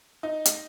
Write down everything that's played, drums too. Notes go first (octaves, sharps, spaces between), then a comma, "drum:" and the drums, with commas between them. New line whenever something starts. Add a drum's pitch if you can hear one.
D#4
drum: hi-hat